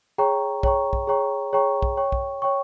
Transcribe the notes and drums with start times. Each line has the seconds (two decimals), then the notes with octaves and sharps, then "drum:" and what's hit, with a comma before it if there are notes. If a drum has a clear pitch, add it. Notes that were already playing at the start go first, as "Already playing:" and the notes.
0.18 G#4 C#5 G5 A#5 C#6
0.63 G#4 C#5 G5 A#5 C#6, drum: kick
0.93 drum: kick
1.07 G#4 C#5 G5 A#5 C#6
1.53 G#4 C#5 G5 A#5 C#6
1.82 drum: kick
1.97 C#5 G5 C#6
2.12 drum: kick
2.42 C#5 G5 C#6